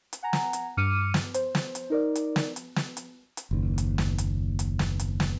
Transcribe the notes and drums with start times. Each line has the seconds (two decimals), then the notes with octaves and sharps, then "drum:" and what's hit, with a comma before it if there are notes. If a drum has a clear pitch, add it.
0.13 drum: hi-hat
0.23 F#5 G#5 A#5
0.33 drum: snare
0.53 drum: hi-hat
0.77 G2 D6 F6 C#7 D#7
1.14 drum: snare
1.34 C5, drum: hi-hat
1.55 drum: snare
1.75 drum: hi-hat
1.90 D#4 A#4 D5
2.16 drum: hi-hat
2.36 drum: snare
2.56 drum: hi-hat
2.76 drum: snare
2.97 drum: hi-hat
3.37 drum: hi-hat
3.51 F#1 D#2
3.78 drum: hi-hat
3.98 drum: snare
4.18 drum: hi-hat
4.59 drum: hi-hat
4.79 drum: snare
5.00 drum: hi-hat
5.20 drum: snare